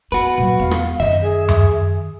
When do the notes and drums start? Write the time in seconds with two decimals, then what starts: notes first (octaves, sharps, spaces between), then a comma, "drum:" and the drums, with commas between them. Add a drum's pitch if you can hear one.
0.12 B3 F#4 B4
0.38 A#2 F#3 F#5
0.59 E2 B3 F5
0.71 drum: rim click
1.00 F#2 D#3 D#5 E5
1.23 G#4
1.49 drum: tom F#2